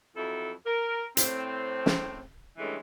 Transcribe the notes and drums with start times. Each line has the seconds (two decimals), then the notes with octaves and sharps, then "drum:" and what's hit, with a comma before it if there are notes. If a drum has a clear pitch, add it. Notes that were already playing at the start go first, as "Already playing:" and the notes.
0.17 F2 F#3 E4 A4
0.66 A#4
1.17 A2 C4, drum: hi-hat
1.86 drum: snare
2.58 G2 C#3 E3 G#3 A3